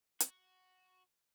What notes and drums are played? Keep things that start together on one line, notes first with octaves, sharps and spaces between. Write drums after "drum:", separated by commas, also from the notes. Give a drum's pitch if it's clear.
F#4, drum: hi-hat